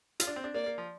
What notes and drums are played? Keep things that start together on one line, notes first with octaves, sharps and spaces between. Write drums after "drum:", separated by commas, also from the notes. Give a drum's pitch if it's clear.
F4, drum: hi-hat
D4
C4
D4
A#3 D5
A#3
F3